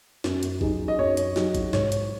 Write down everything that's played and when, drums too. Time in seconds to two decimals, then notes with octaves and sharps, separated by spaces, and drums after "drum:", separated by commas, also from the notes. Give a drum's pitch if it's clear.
0.24 F#2, drum: snare
0.43 drum: hi-hat
0.61 F#3 D#4 G#4, drum: kick A1
0.88 D#5
0.98 F#2 C#5
1.17 drum: hi-hat
1.36 F#3 D#4 G#4, drum: snare
1.55 drum: kick A1, hi-hat
1.73 G#2 C#5, drum: snare
1.92 drum: hi-hat